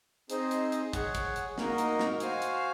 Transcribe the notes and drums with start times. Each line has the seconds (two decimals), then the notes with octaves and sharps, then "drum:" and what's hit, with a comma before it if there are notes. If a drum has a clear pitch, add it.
0.30 C4 D#4 G#4 C5 D#5, drum: hi-hat
0.51 drum: hi-hat
0.72 drum: hi-hat
0.93 G#4 C#5 F#5, drum: kick, hi-hat
1.15 drum: kick, hi-hat
1.36 drum: hi-hat
1.58 A#3 D#4 F#4 A#4 D#5, drum: snare
1.78 drum: hi-hat
1.99 drum: snare
2.20 F#4 C5 F5 G#5, drum: hi-hat
2.42 drum: hi-hat